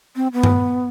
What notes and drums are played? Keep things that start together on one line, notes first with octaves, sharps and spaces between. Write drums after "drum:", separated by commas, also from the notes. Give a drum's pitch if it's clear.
C4
B3
drum: tom G2